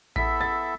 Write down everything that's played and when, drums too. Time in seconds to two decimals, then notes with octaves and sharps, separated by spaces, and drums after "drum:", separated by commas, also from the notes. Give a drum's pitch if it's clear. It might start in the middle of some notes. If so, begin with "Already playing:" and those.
0.16 B3 E4 A4 E5 B6, drum: kick A1
0.41 A6